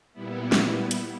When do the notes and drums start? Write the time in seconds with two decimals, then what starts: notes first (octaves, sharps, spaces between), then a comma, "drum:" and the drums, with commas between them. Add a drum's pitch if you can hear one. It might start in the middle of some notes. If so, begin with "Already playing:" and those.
0.13 A#2 G3 B3 E4
0.52 drum: snare
0.91 drum: hi-hat